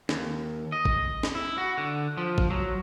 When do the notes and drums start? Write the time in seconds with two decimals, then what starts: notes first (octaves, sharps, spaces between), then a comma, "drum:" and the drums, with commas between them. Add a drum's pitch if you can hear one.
0.09 D#2, drum: snare
0.72 D#5
0.85 drum: kick A1
1.23 drum: snare
1.35 E4
1.58 F#4
1.78 D3
2.17 F3
2.38 drum: kick A1
2.50 F#3